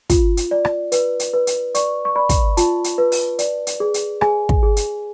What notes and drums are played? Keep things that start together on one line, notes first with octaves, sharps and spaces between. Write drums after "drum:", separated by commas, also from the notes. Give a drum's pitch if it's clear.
F4, drum: kick, hi-hat
drum: hi-hat
D5
drum: rim click
B4, drum: hi-hat
drum: hi-hat
B4
drum: hi-hat
D5 C#6, drum: hi-hat
C#6
D5 B5
drum: kick, hi-hat
F4 A5, drum: hi-hat
drum: hi-hat
B4
drum: open hi-hat
D5, drum: hi-hat
drum: hi-hat
G#4
drum: hi-hat
G#4 G#5, drum: rim click
drum: kick
G#4
drum: hi-hat